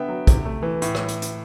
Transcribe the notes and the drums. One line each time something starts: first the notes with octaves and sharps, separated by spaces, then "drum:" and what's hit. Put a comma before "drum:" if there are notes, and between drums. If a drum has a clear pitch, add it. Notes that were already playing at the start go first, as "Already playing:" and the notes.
Already playing: D3 B3 E5 G5
F#3
C3, drum: kick, hi-hat
A3
E3
A2, drum: hi-hat
drum: rim click
drum: hi-hat
drum: hi-hat